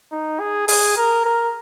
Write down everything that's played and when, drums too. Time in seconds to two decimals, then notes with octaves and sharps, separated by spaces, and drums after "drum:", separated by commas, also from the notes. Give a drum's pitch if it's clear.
0.12 D#4
0.40 G#4
0.68 G#4, drum: open hi-hat
0.97 A#4
1.25 A#4